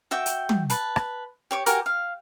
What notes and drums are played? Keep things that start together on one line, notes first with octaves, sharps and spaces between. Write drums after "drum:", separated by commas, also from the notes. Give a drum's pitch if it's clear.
F#4 E5 G5 D6
drum: hi-hat
drum: tom
B4 A5, drum: hi-hat
drum: rim click
G4 C#5 D6
F#4 G4 A#4 G#5, drum: hi-hat
F5